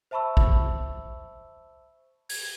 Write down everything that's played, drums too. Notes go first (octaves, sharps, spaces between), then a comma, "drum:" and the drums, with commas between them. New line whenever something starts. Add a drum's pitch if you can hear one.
C5 E5 A5 B5 C#6 E6
drum: kick
G#6, drum: open hi-hat